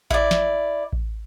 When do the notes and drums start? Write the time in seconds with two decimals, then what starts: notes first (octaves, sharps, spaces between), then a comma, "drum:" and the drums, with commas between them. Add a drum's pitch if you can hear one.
0.10 E4 D5, drum: kick A1
0.31 drum: snare
0.93 drum: kick A1